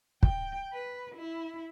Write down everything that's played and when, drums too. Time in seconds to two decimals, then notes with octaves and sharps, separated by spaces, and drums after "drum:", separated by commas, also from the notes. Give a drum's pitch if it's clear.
0.23 G5, drum: kick
0.73 B4
1.15 E4